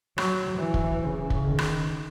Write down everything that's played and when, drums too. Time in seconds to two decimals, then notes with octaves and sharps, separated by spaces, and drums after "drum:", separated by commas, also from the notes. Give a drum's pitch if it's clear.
0.18 F#3, drum: rim click
0.59 E3
0.74 drum: kick
1.02 C#3
1.30 drum: kick
1.44 D#3
1.58 drum: rim click